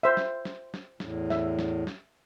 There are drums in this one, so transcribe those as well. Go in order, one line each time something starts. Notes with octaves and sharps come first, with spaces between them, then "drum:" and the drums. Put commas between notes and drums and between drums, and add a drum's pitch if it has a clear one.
C5 E5
drum: snare
drum: snare
drum: snare
E2 A2, drum: snare
E5, drum: snare
drum: snare
drum: snare